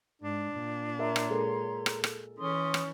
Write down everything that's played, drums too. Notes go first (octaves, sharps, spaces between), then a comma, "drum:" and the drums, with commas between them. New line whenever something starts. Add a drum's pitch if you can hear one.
G#2 D4
A#2
A#4 C#5 E5 A#5 C6
drum: rim click
G#3 A4 A#4
drum: rim click
drum: rim click
E3 C#4 C6 D#6
drum: rim click